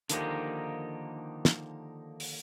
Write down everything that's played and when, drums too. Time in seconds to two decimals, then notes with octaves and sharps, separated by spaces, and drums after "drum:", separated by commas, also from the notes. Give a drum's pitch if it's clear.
0.09 D3 D#3 F3 A#3 D#4 G4, drum: hi-hat
1.45 drum: snare
2.20 drum: open hi-hat